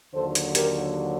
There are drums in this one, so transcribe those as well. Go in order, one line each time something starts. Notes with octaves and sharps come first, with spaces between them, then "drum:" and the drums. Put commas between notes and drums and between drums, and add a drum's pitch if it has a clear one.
D#2 D3 F#3 A4 C5
drum: hi-hat
G4 A#4, drum: hi-hat